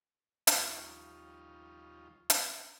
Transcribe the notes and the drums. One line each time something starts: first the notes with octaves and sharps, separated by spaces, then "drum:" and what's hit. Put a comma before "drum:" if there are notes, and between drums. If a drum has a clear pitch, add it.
D#2 F3 G3 C#4 D#4 F4, drum: hi-hat
drum: hi-hat